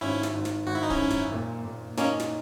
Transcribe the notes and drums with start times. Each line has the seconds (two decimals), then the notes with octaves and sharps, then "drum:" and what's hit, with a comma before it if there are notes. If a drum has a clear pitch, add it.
0.01 G#1 C#4 E4
0.23 drum: snare
0.34 G#1
0.45 drum: snare
0.67 G#1 F#4
0.75 E4
0.83 D#4
0.90 C#4 E4, drum: kick D1
1.00 F#2
1.10 drum: snare
1.32 A#2
1.65 A#2
1.97 A#3 C#4 D#4, drum: snare
2.20 drum: snare